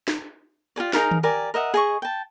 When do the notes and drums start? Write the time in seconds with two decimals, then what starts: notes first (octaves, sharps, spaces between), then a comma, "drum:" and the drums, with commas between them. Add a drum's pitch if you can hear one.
0.08 drum: snare
0.76 F4 G4 G#4 D5
0.93 D#4 G#4 A#4 F5, drum: snare
1.11 drum: tom D#3
1.23 G4 A#4 D5 G#5
1.54 A#4 D#5 E5 F#5
1.74 G#4 D#5 C#6
2.02 G5 A5